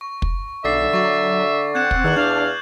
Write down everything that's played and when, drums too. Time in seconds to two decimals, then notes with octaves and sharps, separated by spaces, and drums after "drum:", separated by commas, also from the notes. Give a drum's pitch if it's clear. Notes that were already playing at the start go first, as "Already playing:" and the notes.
0.01 C#6
0.22 drum: kick
0.65 B1 D3 E5 D6 A6 C7
0.93 F#3 C#6 A6
1.75 C4 F#5 G6 G#6 E7
1.91 drum: kick
2.04 E2 D#3 E6 F#6 F#7
2.16 D4 F5 G6